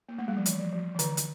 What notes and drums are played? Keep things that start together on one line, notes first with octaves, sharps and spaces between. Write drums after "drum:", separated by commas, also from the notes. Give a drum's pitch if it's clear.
A#3
A3
G3
F3
E3, drum: hi-hat
F3
F3
E3
D3, drum: hi-hat
drum: hi-hat